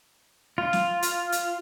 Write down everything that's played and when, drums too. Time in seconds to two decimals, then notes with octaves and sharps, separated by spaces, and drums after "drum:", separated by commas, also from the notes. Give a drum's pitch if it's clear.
0.58 F4
0.73 drum: snare
1.03 drum: hi-hat
1.32 drum: hi-hat